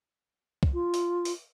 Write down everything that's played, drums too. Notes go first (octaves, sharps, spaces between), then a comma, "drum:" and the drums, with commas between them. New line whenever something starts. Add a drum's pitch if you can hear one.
drum: kick
F4
drum: open hi-hat
drum: open hi-hat